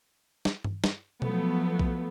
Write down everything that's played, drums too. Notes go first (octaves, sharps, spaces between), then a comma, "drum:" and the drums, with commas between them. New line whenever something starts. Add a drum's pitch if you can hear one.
drum: snare
drum: tom G2
drum: snare
F3 F#3 A3 B3, drum: tom B2
drum: kick A#1